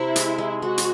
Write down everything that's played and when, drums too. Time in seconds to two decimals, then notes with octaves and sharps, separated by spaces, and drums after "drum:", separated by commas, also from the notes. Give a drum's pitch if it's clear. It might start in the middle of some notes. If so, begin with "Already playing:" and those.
Already playing: C3 C4 E4
0.16 G#3, drum: hi-hat
0.38 G#3
0.62 G#3 F#4
0.78 drum: hi-hat